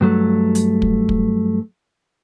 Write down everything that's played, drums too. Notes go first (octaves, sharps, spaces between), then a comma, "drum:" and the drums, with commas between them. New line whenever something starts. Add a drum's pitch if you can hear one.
G2 F#3 A3
drum: hi-hat
drum: kick
drum: kick